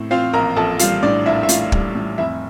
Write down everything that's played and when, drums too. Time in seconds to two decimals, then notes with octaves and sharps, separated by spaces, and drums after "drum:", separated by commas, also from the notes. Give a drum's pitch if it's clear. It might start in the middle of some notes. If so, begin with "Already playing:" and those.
Already playing: A2 C4
0.11 C4 F4 F5
0.33 A#1 A#4 A#5
0.56 A#1 A4 A5
0.79 G3 F4 F5, drum: hi-hat
1.03 A2 D4 D5
1.26 A#1 E4 E5
1.43 E5
1.49 A2 F4 F5, drum: hi-hat
1.72 G3, drum: kick
1.95 A2
2.18 F1 E4 E5